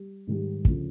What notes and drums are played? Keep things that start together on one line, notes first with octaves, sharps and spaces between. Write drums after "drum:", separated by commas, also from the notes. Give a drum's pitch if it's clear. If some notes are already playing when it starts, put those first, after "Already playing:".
Already playing: G3
G#2 D#3 G3
D2 C#3 F3, drum: kick